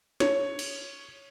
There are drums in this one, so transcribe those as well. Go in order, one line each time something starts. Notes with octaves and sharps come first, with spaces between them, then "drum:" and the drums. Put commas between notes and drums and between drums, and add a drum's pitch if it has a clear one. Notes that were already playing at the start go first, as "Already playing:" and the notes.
C#5, drum: snare
drum: cymbal